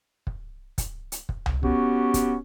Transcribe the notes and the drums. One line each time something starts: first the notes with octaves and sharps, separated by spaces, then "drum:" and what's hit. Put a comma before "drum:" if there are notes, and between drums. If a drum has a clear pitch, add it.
drum: kick
drum: kick, hi-hat
drum: hi-hat
drum: kick
drum: tom C2
B3 C#4 F#4 G4, drum: kick
drum: kick, hi-hat